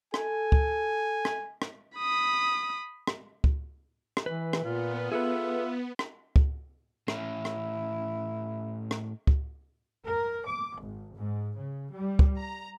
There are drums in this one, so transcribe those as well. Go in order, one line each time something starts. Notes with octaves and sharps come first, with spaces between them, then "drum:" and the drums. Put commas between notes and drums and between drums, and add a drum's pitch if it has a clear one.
A4 G#5, drum: rim click
drum: kick C#2
drum: rim click
drum: rim click
B5 D#6
drum: rim click
drum: kick C#2
drum: rim click
E3 B4
drum: rim click
A#2 B3 F4
F4 G#4 A4 B4 E5
drum: rim click
drum: kick C#2
A2 C#4 E4, drum: rim click
drum: rim click
drum: rim click
drum: kick C#2
A#4
D6
G#1
G#2
C#3
G3
drum: kick C#2
A#5